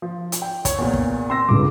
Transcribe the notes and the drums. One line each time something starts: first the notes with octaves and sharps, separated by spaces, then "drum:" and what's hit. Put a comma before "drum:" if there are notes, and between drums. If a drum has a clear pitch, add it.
F3
drum: hi-hat
G5
C#5, drum: kick, hi-hat
E2 A#2
drum: kick
C4 C6 E6 A#6
G1 C#2 D6